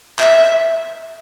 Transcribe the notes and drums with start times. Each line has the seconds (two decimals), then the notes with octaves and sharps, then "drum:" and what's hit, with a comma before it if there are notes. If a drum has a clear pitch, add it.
0.19 E5, drum: clap